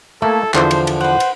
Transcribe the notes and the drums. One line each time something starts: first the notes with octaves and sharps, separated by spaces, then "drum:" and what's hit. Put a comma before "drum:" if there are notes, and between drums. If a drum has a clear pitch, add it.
A3 A#3 E4 A4
E2 D3 F3 C5, drum: clap
drum: cymbal
drum: cymbal
B4 C5 F#5
drum: cymbal